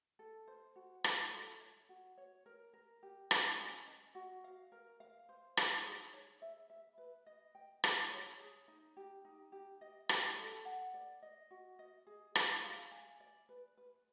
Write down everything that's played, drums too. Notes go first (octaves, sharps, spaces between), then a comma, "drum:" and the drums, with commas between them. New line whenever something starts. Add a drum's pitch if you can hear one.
A4
C5
F#4
F4, drum: rim click
A4
C#5
F#4
C#5
A#4
A#4
G4
C#4, drum: rim click
G#5
D#5
F#4
F5
A#4
F5
C5
D#4, drum: rim click
G#4
C#5
E5
E5
B4
D#5
G5
G#4, drum: rim click
C#5
G#4
D#4
G4
D#4
G4
D#5
G4, drum: rim click
A4
F#5
D5
D#5
F#4
D#5
G#4
G#4, drum: rim click
F5
G#5
D5
B4
B4